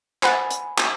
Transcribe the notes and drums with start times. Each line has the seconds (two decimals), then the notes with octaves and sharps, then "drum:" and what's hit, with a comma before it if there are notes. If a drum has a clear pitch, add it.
0.23 C5 F#5 G#5 B5 A6, drum: clap
0.51 drum: hi-hat
0.78 drum: clap